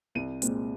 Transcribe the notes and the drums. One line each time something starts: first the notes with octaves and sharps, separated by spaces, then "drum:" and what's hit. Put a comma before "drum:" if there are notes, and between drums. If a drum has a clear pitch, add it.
C2 D#7
A#2 G#3 C4, drum: hi-hat